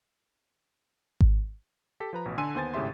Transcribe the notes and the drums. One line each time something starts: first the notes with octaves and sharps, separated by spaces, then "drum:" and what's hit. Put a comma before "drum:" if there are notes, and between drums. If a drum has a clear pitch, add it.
drum: kick G#1
G4 A4 B6
F3 B4 A#5
A1 B2
D3 A4 G#5 C6 E6 D#7
D#2 B3 C5 G#5 A6
G#1 A2 C#3 G4 E5 C6